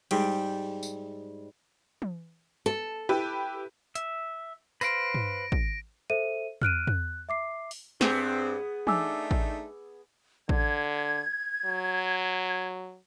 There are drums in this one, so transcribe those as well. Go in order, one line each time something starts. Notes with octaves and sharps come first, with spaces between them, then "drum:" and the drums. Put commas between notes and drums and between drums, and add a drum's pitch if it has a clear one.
G#2 G3 G5, drum: cymbal
drum: tambourine
drum: tom
A4
E4 G4 B4
E5, drum: hi-hat
B4 C5 F5 A#6 D7, drum: tambourine
drum: tom
drum: kick A1
A4 C5 E5 D#7
F6 F#6 D7 D#7, drum: tom
F#6, drum: tom
E5 D6 C7
drum: open hi-hat
G2 B3 C4 G#4, drum: snare
A3 D4 D#4 G#5 D6 E6, drum: tom
drum: kick A1
D3 G#6, drum: kick A1
F#3